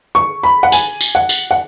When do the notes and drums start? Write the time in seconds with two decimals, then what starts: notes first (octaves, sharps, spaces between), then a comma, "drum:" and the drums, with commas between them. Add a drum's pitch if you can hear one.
0.15 C#6
0.43 B5
0.63 F#5
0.72 G#5, drum: tambourine
1.01 drum: tambourine
1.15 F#5
1.29 drum: tambourine
1.51 F#5